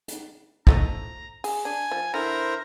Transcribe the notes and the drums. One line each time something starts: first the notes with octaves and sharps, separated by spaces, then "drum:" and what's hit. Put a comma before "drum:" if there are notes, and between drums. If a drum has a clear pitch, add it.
drum: hi-hat
F3 A3 D#5 A#5, drum: kick
G#4, drum: open hi-hat
D4 G#5
F3
D3 E4 A#4 C5 A#5